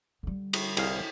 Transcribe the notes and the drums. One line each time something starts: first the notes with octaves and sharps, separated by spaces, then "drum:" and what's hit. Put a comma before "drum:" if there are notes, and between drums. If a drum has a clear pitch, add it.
D3 G3
drum: cymbal
C2 G#4 F5, drum: cymbal